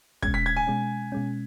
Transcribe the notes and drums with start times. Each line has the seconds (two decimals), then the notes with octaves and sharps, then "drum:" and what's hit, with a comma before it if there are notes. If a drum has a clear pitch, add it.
0.22 B2 G#3 C#4 G#6, drum: kick
0.34 B6
0.46 G#6
0.56 G#5
0.67 B2 G#3 C#4
1.12 B2 G#3 C#4